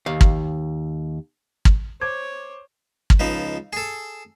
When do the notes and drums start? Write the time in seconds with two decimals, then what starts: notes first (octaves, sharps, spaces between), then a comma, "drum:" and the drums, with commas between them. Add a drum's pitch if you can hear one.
0.06 D#2 F5
0.21 drum: kick
1.65 drum: kick
2.01 C5 C#5 D6 G#6
3.10 drum: kick
3.19 C#2 F3 D#4 B4
3.73 G#4 A4